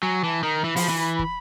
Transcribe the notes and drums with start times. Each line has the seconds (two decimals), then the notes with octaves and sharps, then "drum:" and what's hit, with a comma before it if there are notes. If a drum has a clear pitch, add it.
0.03 F#3 G#5
0.24 E3 A5
0.43 D#3 A#5
0.64 E3 B5
0.76 F3, drum: open hi-hat
0.89 E3
1.19 drum: kick